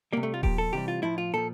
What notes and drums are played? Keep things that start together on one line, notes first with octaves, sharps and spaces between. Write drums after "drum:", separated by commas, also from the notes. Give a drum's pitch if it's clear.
C3 G3 A#3
A3
F4
A#2 F3 G4, drum: kick D#1
A4
C3 E3 G3 G4
F4
A2 F3 E4
F4
A#2 F3 A4